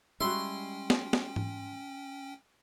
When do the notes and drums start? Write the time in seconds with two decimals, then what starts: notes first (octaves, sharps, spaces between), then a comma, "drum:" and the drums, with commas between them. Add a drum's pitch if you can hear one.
0.20 G3 G#3 C#4 E4 F#4 G5 C6
0.90 drum: snare
1.13 drum: snare
1.36 drum: tom G#2